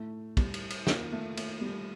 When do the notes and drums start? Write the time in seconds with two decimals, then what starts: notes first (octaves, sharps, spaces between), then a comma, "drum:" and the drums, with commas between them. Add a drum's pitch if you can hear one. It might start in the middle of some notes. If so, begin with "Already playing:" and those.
Already playing: A2 A3
0.37 G3, drum: kick, cymbal
0.54 drum: cymbal
0.70 drum: cymbal
0.87 F2 D#3 A#3, drum: snare
1.12 A3
1.37 A3, drum: cymbal
1.61 G3